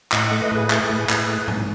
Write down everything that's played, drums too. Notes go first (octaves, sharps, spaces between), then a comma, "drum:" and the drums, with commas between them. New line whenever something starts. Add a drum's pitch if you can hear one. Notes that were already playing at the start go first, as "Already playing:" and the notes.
A2 D#5 F#5, drum: clap
A3 D#5 F#5
B4 D#5
A2 G#4 B4
A3, drum: clap
A2
A2, drum: clap
A3
G#2, drum: tom A2